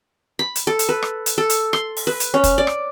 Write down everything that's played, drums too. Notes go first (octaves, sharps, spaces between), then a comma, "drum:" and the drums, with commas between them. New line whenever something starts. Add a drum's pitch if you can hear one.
B5
drum: hi-hat
A4
drum: hi-hat
B4
drum: rim click
drum: hi-hat
A4
drum: hi-hat
C6, drum: rim click
drum: open hi-hat
B4
drum: hi-hat
C#4
drum: kick, hi-hat
D5
drum: rim click